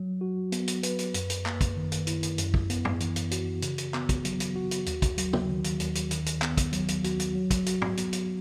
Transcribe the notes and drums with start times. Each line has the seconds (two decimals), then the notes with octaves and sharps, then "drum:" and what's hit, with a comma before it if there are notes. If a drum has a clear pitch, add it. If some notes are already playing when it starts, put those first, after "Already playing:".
Already playing: F#3
0.21 F#4
0.52 B3, drum: hi-hat
0.68 drum: hi-hat
0.83 B4, drum: hi-hat
0.99 drum: hi-hat
1.14 F#2, drum: hi-hat
1.30 drum: hi-hat
1.46 A#3, drum: clap
1.61 drum: kick, hi-hat
1.76 D#3
1.92 drum: hi-hat
2.07 E4, drum: hi-hat
2.23 drum: hi-hat
2.38 F#2, drum: hi-hat
2.54 drum: kick
2.70 B3, drum: hi-hat
2.85 drum: tom
3.00 E3, drum: hi-hat
3.16 drum: hi-hat
3.31 F#4, drum: hi-hat
3.62 C#3, drum: hi-hat
3.78 drum: hi-hat
3.94 B3, drum: clap
4.09 drum: kick, hi-hat
4.25 F#3, drum: hi-hat
4.40 drum: hi-hat
4.56 F#4
4.71 drum: hi-hat
4.86 D#2, drum: hi-hat
5.02 drum: kick, hi-hat
5.18 F#3, drum: hi-hat
5.33 drum: tom
5.49 D#3
5.64 drum: hi-hat
5.80 D#2, drum: hi-hat
5.95 drum: hi-hat
6.11 D#3, drum: hi-hat
6.26 drum: hi-hat
6.42 B3, drum: clap
6.57 drum: kick, hi-hat
6.73 F#3, drum: hi-hat
6.88 drum: hi-hat
7.04 F#4, drum: hi-hat
7.19 drum: hi-hat
7.35 F#3
7.51 drum: kick, hi-hat
7.66 F#4, drum: hi-hat
7.82 drum: tom
7.97 B3, drum: hi-hat
8.13 drum: hi-hat